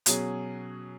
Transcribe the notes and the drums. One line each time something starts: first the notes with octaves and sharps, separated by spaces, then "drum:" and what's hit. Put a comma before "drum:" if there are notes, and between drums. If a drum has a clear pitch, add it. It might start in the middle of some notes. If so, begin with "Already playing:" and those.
B2 F#3 C#4 G#4, drum: hi-hat